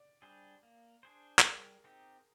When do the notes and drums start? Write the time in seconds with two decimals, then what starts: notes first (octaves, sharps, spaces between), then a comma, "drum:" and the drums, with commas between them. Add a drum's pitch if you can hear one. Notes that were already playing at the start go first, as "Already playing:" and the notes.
Already playing: D5
0.22 G3 D4 G#4 C5
0.63 A#3
1.03 D4 G#4 C5
1.39 G#4, drum: clap
1.44 G3 A#4
1.84 C4 D#4 G4